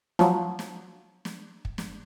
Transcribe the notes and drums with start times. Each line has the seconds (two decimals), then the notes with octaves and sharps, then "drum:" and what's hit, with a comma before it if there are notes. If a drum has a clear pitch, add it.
0.19 F3 F#3, drum: snare
0.59 drum: snare
1.25 drum: snare
1.65 drum: kick
1.78 drum: snare